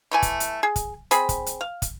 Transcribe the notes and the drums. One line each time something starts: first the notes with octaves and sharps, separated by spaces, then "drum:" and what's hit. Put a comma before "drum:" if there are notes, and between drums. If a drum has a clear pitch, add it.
E3 A3 G#5
drum: kick, hi-hat
drum: hi-hat
G#4
drum: kick, hi-hat
C4 G#4 B5, drum: hi-hat
drum: kick, hi-hat
drum: hi-hat
F5
drum: kick, hi-hat